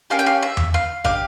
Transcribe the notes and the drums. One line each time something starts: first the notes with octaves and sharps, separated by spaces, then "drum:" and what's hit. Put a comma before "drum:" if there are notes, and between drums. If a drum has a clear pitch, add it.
A#3 C#4 G4 F5
G5, drum: hi-hat
F5
E5
drum: tom E2
F5
D4 G4 F5, drum: kick